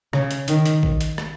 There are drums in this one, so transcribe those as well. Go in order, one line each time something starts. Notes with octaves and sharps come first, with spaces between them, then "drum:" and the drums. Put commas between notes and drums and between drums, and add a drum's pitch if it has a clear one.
C#3, drum: rim click
drum: hi-hat
D#3, drum: hi-hat
drum: hi-hat
drum: kick A#1
drum: hi-hat
drum: rim click